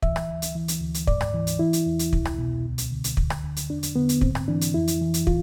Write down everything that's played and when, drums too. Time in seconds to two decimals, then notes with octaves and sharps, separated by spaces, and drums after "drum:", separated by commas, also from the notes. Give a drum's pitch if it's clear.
0.02 E3 E5, drum: kick
0.16 drum: rim click
0.29 D2
0.42 drum: hi-hat
0.55 E3
0.68 drum: hi-hat
0.81 D2
0.94 drum: hi-hat
1.07 G#2 D5, drum: kick
1.21 drum: rim click
1.34 E3
1.47 drum: hi-hat
1.59 E3 E4
1.73 drum: hi-hat
1.86 E2
1.99 drum: hi-hat
2.13 C2, drum: kick
2.25 drum: rim click
2.38 B2
2.65 D2
2.78 drum: hi-hat
2.91 D3
3.04 drum: hi-hat
3.17 D2, drum: kick
3.30 drum: rim click
3.44 D3
3.56 drum: hi-hat
3.70 E2 D4
3.83 drum: hi-hat
3.96 D3 B3
4.09 drum: hi-hat
4.21 G#2 C4, drum: kick
4.35 drum: rim click
4.48 E3 D4
4.61 drum: hi-hat
4.74 F2 E4
4.88 drum: hi-hat
5.01 E3
5.14 drum: hi-hat
5.27 F4, drum: kick